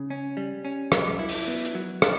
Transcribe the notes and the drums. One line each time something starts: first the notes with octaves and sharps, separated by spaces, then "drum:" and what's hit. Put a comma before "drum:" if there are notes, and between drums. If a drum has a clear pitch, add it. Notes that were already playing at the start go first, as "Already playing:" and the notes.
Already playing: C#3
C#4
G3
C#4
F#3, drum: rim click
E4
drum: open hi-hat
B3
drum: hi-hat
F#3
D4, drum: rim click